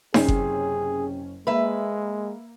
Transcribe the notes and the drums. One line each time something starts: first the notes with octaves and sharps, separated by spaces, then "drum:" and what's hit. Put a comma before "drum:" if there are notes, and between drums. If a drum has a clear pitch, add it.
F#1 C3 C#4 G#4, drum: snare D#4
drum: kick F#1
G#3 A#3 B4 E5